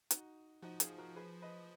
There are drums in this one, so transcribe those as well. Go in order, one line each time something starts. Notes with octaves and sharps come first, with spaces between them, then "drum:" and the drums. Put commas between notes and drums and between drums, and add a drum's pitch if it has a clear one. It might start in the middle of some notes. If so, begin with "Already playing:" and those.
D#4 F#4, drum: hi-hat
F3 D#4 F#4
F4 G#4, drum: hi-hat
F#4 A#4
G#4 B4
B4 D#5